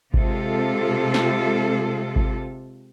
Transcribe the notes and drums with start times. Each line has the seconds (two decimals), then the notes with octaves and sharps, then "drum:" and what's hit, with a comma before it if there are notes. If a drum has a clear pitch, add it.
0.14 C3 G#3 F4 A4, drum: kick G#1
1.14 drum: snare
2.16 drum: kick G#1